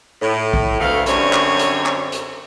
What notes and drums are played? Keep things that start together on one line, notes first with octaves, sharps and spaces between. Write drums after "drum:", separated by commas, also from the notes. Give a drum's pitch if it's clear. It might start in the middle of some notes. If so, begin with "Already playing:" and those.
A2
drum: kick
D2 B2 F3 A3 F5
F#2 D3 G3 C4 C#5, drum: hi-hat
drum: clap
drum: hi-hat
drum: clap
drum: hi-hat